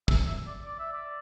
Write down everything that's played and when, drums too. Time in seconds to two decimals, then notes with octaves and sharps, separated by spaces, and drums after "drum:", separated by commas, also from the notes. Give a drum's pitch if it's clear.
0.08 E5, drum: kick
0.27 E5
0.47 D5
0.65 D5
0.79 E5
0.92 D5